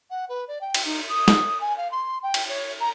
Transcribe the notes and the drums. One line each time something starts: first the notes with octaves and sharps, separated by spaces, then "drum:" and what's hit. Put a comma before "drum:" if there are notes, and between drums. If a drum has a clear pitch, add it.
F#5
B4
D5
G5
drum: cymbal
D#4
D#6
drum: snare
G#5
F5
C6
G5
drum: cymbal
C#5
A#5